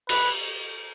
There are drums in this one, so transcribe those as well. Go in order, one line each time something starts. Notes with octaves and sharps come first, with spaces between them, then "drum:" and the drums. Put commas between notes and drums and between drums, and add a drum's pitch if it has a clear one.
B4, drum: cymbal